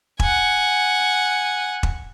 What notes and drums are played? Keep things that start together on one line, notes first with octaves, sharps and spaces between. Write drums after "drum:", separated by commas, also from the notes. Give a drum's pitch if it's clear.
F#5 G#5, drum: kick E1
drum: kick E1